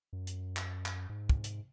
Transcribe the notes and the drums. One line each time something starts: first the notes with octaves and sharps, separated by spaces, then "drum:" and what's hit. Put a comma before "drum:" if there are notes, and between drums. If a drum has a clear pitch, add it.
F#2
drum: hi-hat
drum: clap
drum: clap
G#2
drum: kick
drum: hi-hat